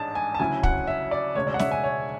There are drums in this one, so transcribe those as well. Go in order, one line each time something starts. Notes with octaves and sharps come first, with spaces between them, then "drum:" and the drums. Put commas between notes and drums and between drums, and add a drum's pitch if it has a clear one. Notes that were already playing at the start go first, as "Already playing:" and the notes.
Already playing: A1 G#2 G#3 D4 A5
G#5
A5
D2 C#3 F#3 C#4 E4 G#5
F#5, drum: kick
E5
D5
E1 D2 C#3 G#3 C#5
D5
F#5
E5, drum: snare
G#5
C#5